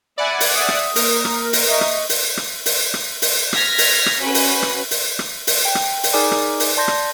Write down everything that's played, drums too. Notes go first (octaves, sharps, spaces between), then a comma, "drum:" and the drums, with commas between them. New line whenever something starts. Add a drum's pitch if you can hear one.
D5 E5 F#5 G#5 B5
drum: open hi-hat
E5 D#6
drum: rim click
A#3 A#4, drum: open hi-hat
drum: rim click
drum: open hi-hat
D#5 E5 C#6
drum: rim click
drum: open hi-hat
drum: rim click
drum: open hi-hat
drum: rim click
drum: open hi-hat
F6 G#6 A#6 B6, drum: rim click
drum: open hi-hat
drum: rim click
C#4 F#4 B4
drum: open hi-hat
drum: rim click
drum: open hi-hat
drum: rim click
drum: open hi-hat
G5
drum: rim click
drum: open hi-hat
D#4 G#4 A#4 D5 G#5 D6
drum: rim click
drum: open hi-hat
D5 A5 C6 G6 A#6
drum: rim click